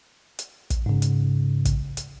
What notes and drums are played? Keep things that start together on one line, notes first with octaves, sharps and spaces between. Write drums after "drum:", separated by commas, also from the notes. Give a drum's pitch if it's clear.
drum: hi-hat
drum: kick, hi-hat
G#2 C#3
drum: hi-hat
drum: kick, hi-hat
drum: hi-hat